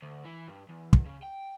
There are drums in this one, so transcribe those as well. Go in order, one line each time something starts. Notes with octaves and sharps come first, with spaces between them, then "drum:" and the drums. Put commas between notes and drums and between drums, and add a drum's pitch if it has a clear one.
D2
E3
G2
E2
drum: kick
C#3
G5